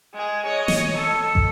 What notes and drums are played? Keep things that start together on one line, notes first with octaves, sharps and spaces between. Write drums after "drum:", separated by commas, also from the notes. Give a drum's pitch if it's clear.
G#3 G#4
C#5 D#5
drum: snare
A4
drum: kick